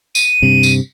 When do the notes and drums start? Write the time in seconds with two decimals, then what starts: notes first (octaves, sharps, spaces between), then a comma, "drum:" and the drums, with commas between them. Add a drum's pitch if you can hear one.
0.15 D#7, drum: tambourine
0.42 G2 C3
0.63 drum: tambourine